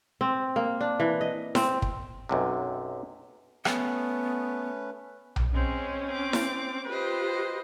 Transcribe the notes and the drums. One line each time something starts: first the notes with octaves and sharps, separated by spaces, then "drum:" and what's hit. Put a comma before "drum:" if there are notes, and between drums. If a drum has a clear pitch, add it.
C4
A#3
D4
E3
D#5
C4, drum: snare E4
drum: kick
B1 F#2 C3
A3 B3 C#4 B4, drum: rim click
drum: tom B1
G#3 C4 C#4
C4 D6
drum: snare E4
F4 G4 B4 C5 D#5